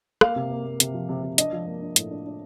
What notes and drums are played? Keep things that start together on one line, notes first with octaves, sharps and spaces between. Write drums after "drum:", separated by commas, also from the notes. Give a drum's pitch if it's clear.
A#3 F5, drum: rim click
C3
A#3
A#3
C3, drum: hi-hat
F3
C3
C3
D4 D#5, drum: hi-hat
F3
A#3
D4
A2, drum: hi-hat
D4
D4